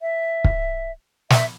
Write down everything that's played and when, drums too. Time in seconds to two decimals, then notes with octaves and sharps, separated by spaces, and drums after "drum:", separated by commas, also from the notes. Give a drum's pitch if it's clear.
0.02 E5
0.44 drum: kick
1.30 E5, drum: snare